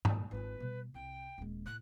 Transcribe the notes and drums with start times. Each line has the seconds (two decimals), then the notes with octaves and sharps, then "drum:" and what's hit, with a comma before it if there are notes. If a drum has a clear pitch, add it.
0.05 A#2 D#3, drum: tom
0.31 G#1 F4 B4
0.60 B2 G3
0.94 C2 G5
1.38 D#1 G#3
1.66 A2 F#6